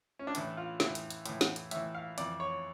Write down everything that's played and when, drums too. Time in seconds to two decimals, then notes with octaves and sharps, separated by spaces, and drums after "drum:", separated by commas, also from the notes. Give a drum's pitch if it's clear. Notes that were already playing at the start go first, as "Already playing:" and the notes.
0.19 C#4
0.27 D4
0.35 A2 E3 E4, drum: hi-hat
0.57 F4
0.80 A2 E3, drum: snare
0.95 drum: hi-hat
1.10 drum: hi-hat
1.26 A2 E3, drum: hi-hat
1.41 drum: snare
1.56 drum: hi-hat
1.71 A2 E3 E5, drum: hi-hat
1.95 F5
2.18 F2 E3 D5, drum: hi-hat
2.40 C#5